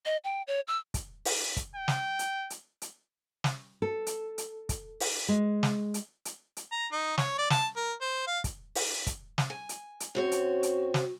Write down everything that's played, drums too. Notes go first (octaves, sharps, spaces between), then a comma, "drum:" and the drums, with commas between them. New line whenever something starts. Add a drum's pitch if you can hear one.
D#5
G5
C#5
E6
drum: kick, hi-hat
drum: open hi-hat
drum: kick, hi-hat
G5
drum: snare
drum: hi-hat
drum: hi-hat
drum: hi-hat
drum: snare
A4
drum: hi-hat
drum: hi-hat
drum: kick, hi-hat
drum: open hi-hat
G#3
drum: snare
drum: hi-hat
drum: hi-hat
drum: hi-hat
A#5
D#4
C#5, drum: snare
D5
A5, drum: snare
A#4
C5
F5
drum: kick, hi-hat
drum: open hi-hat
drum: kick, hi-hat
drum: snare
G#5
drum: hi-hat
drum: hi-hat
F#2 C4 F#4 C#5
drum: hi-hat
drum: hi-hat
drum: snare